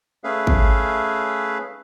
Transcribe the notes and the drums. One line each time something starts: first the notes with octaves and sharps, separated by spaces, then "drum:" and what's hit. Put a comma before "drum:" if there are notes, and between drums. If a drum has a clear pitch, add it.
A3 C#4 G#4 B4 E5 F5
drum: kick